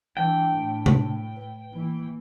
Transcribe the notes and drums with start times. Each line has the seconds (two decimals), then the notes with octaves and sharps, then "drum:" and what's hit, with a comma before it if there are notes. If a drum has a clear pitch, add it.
0.17 E3 D4 G5 A5
0.51 A2
0.86 drum: tom C3
1.37 B4
1.73 E3 A#3